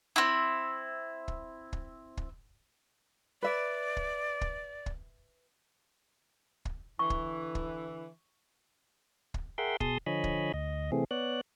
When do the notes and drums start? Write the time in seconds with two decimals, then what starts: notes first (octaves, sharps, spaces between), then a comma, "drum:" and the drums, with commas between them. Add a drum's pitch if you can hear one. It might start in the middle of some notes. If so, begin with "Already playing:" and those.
0.16 C4 E4
1.28 drum: kick
1.73 drum: kick
2.17 drum: kick
3.42 B4 D5 E5
3.97 drum: kick
4.41 drum: kick
4.86 drum: kick
6.65 drum: kick
6.99 D3 E3 C#6
7.10 drum: kick
7.55 drum: kick
9.34 drum: kick
9.58 G#4 A#4 E5 F#5 G5 C6
9.80 B2 G#4 A5 C6 D#6, drum: kick
10.06 D3 F3 C#5 D#5 G#5 B5
10.24 drum: kick
10.54 D2 D#5
10.92 C3 E3 A3 C4 G#4
11.11 B3 C#5 D5 F#6